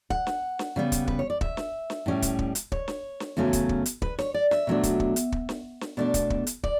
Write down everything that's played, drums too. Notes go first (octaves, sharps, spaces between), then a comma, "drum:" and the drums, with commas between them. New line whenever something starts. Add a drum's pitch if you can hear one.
F#5, drum: kick
drum: snare
drum: snare
C#3 G3 B3
drum: kick, hi-hat
B4, drum: kick
C#5
D5
E5, drum: kick
drum: snare
drum: snare
A2 G3 C#4
drum: kick, hi-hat
drum: kick
drum: hi-hat
C#5, drum: kick
drum: snare
drum: snare
E2 C#3 F#3 A3 C#4
drum: kick, hi-hat
drum: kick
drum: hi-hat
B4, drum: kick
C#5, drum: snare
D5
E5, drum: snare
B2 F#3 A3 D4
drum: kick, hi-hat
drum: kick
drum: hi-hat
drum: kick
drum: snare
drum: snare
B2 A3 D4 D5
drum: kick, hi-hat
drum: kick
drum: hi-hat
D5, drum: kick